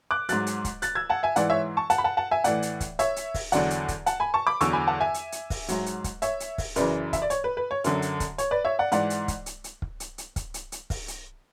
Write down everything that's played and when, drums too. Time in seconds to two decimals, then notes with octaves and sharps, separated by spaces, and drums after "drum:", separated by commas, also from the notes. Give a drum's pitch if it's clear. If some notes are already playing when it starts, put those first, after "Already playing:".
0.11 D6 F#6
0.29 G#2 F#3 F#6 A6, drum: hi-hat
0.47 drum: hi-hat
0.65 drum: kick, hi-hat
0.82 F#6 A6, drum: hi-hat
0.95 E6 G#6
1.10 F#5 A5
1.23 E5 G#5
1.36 G#2 E3 D5 F#5, drum: hi-hat
1.50 C#5 E5
1.77 A5 C#6
1.90 F#5 A5, drum: hi-hat
1.98 B5
2.04 F#5 A5
2.17 F#5 A5
2.31 E5 G#5
2.44 A2 E3 D5 F#5, drum: hi-hat
2.62 drum: hi-hat
2.80 drum: kick, hi-hat
2.99 C#5 E5, drum: hi-hat
3.16 drum: hi-hat
3.34 drum: kick, open hi-hat
3.52 E2 D3 F#3 D5 F#5, drum: hi-hat
3.70 drum: hi-hat
3.88 drum: kick, hi-hat
4.06 F#5 A5, drum: hi-hat
4.20 G#5 B5
4.34 A5 C#6
4.47 B5 D6
4.61 E2 D3 F#3 C#6 E6, drum: hi-hat
4.73 G#5 B5
4.87 F#5 A5
5.00 E5 G#5
5.14 drum: hi-hat
5.32 drum: hi-hat
5.50 drum: kick, open hi-hat
5.68 G#2 F#3, drum: hi-hat
5.86 drum: hi-hat
6.04 drum: kick, hi-hat
6.22 C#5 E5, drum: hi-hat
6.40 drum: hi-hat
6.58 drum: kick, open hi-hat
6.76 F#2 C#3 E3 B4 D5, drum: hi-hat
7.13 E5, drum: kick, hi-hat
7.22 D5
7.30 C#5, drum: hi-hat
7.44 B4
7.57 B4
7.71 C#5
7.84 F#2 D3 F#3, drum: hi-hat
8.02 drum: hi-hat
8.20 drum: kick, hi-hat
8.38 C#5, drum: hi-hat
8.51 B4 D5
8.65 C#5 E5
8.79 D5 F#5
8.92 G#2 E3 D5 F#5, drum: hi-hat
9.10 drum: hi-hat
9.28 drum: kick, hi-hat
9.46 drum: hi-hat
9.64 drum: hi-hat
9.82 drum: kick
10.00 drum: hi-hat
10.18 drum: hi-hat
10.36 drum: kick, hi-hat
10.54 drum: hi-hat
10.72 drum: hi-hat
10.90 drum: kick, open hi-hat
11.08 drum: hi-hat